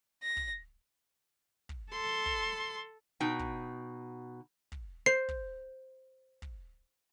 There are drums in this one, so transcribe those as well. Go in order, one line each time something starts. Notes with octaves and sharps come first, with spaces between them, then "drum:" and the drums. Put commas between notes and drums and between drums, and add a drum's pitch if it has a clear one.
A#6
drum: kick
drum: kick
A4 C6
drum: kick
B2 D#4 G5
drum: kick
drum: kick
C5 C7
drum: kick
drum: kick